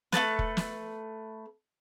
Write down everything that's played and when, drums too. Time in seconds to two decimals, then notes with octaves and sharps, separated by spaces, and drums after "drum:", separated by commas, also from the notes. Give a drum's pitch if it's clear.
0.12 A3 B3 A4 B4, drum: snare
0.39 drum: kick
0.57 drum: snare